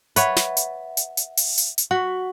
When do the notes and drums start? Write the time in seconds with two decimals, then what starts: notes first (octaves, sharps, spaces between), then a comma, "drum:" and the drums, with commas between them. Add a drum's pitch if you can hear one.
0.16 B4 C#5 E5 F#5, drum: hi-hat
0.36 drum: snare
0.57 drum: hi-hat
0.97 drum: hi-hat
1.17 drum: hi-hat
1.37 drum: open hi-hat
1.58 drum: hi-hat
1.78 drum: hi-hat
1.91 F#4 F#5 C#6